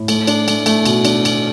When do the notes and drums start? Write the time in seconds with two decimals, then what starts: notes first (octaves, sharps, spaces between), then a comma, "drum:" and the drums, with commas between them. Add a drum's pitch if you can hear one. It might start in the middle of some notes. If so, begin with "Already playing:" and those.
Already playing: A2
0.08 A3, drum: cymbal
0.27 D4, drum: cymbal
0.48 A3, drum: cymbal
0.66 A3, drum: cymbal
0.85 B2, drum: cymbal
1.05 D4, drum: cymbal
1.25 B2, drum: cymbal